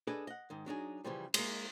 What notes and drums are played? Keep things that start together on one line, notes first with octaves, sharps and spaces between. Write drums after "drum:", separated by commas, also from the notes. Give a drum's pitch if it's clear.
D4 G#4 A4 B4 D5 D#5
D#5 F#5
G#2 D#3
F#3 D4 D#4 G#4
C#3 E3 F3 G3
G#3 A#3, drum: cymbal